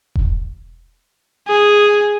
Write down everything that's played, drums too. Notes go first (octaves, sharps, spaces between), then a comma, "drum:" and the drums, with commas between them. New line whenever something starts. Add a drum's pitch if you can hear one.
drum: kick E1
G#4